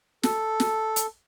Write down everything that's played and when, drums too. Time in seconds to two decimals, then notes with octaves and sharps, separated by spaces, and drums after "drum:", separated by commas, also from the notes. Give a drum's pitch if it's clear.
0.23 A4, drum: snare
0.60 drum: snare
0.96 drum: hi-hat